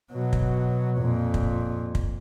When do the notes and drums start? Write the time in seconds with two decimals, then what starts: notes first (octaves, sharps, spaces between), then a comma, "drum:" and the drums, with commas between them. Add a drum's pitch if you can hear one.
0.12 B2 F#3
0.33 drum: kick
0.98 F2 A#2
1.34 drum: kick
1.95 drum: kick